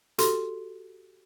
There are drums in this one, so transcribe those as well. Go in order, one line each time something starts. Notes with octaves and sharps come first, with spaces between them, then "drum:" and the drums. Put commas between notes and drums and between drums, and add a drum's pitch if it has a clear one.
F#4 G4 A4 C6, drum: hi-hat